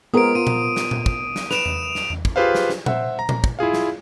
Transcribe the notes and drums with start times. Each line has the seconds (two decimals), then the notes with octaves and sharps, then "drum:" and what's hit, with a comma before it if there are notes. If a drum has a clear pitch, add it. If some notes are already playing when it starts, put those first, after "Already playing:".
0.14 G#3 B3 F4 G#4 A#4 C5 D#6 D7
0.35 F4 D#7
0.47 drum: tom A#2
0.76 drum: snare
0.91 drum: tom A#2
1.06 drum: kick
1.36 drum: snare
1.51 B4 D7 E7 F7, drum: snare
1.65 drum: tom E2
1.95 drum: snare
2.10 drum: tom E2
2.25 drum: kick
2.36 F4 G4 G#4 B4 C5 F5
2.55 drum: snare
2.69 drum: snare
2.86 C5 E5 F#5, drum: tom A#2
3.19 A#5
3.29 drum: tom A#2
3.44 drum: kick
3.59 E4 F4 G#4 F5
3.73 drum: snare